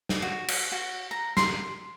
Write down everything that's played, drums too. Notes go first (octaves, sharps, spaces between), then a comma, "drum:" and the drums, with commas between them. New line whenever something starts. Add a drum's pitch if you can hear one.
drum: snare
F#4
drum: cymbal
F#4
A#5
C6, drum: snare